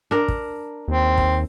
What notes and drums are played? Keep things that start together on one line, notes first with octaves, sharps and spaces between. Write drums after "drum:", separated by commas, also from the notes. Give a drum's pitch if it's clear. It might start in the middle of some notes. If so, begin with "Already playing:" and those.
D4 A#4
drum: kick
D#2 C4
drum: kick